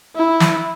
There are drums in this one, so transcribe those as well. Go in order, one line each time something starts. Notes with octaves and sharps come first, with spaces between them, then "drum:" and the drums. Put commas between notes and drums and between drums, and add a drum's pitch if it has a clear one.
E4
drum: snare